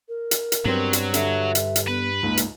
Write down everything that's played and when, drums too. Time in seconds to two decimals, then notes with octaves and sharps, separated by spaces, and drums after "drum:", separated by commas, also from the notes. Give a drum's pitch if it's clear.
0.09 A#4
0.31 drum: hi-hat
0.52 drum: hi-hat
0.65 G2 F#3 B3 C4
0.93 drum: hi-hat
1.14 D3 E5, drum: hi-hat
1.55 drum: hi-hat
1.76 drum: hi-hat
1.87 B3 B4
2.23 C#2 G#2 A#3
2.37 drum: hi-hat